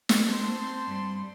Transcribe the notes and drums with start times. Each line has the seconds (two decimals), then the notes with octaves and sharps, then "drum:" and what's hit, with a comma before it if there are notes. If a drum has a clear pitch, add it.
0.09 drum: snare
0.27 C4 C5 A5 C6
0.87 G2 G3